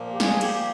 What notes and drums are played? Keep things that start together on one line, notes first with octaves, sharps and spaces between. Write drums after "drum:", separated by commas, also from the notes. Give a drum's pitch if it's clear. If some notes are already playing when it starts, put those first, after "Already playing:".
Already playing: A#2 F3 A#3
G4
G#4, drum: snare
G4, drum: cymbal